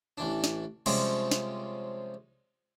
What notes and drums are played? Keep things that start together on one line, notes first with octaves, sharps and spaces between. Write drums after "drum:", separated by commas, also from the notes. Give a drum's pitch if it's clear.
A1 E3 D4
drum: snare
C3 F3 G3 G#3 C4 C#4, drum: cymbal
drum: snare